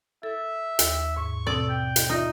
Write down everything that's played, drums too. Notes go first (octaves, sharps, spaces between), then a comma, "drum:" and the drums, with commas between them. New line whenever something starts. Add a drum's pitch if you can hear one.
A4 E5
D#2, drum: hi-hat
G#2 C#6
B2 C4 A4 D5 D#6
G5
drum: hi-hat
D#4 F4 D5 E5